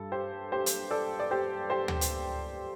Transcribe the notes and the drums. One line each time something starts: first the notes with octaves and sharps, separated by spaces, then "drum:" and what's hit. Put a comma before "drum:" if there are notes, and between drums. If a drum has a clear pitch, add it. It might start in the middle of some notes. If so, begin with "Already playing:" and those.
Already playing: G2 G3 A4
G4 C5
G4 C5
drum: hi-hat
A4 D5
D5
G4 C5
G4 C5
drum: tom D2
drum: hi-hat